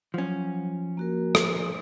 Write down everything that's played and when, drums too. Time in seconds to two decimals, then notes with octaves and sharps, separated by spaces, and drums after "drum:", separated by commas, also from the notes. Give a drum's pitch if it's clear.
0.14 F3 F#3 C#4
0.97 A#3 F#4 A#4
1.35 drum: rim click